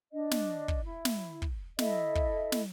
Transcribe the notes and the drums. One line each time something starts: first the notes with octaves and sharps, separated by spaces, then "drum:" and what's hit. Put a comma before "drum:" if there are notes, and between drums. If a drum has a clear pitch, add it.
D4 D#5
drum: snare
drum: kick
E4
drum: snare
drum: kick
E4 A4 D#5 E5, drum: snare
drum: kick
drum: snare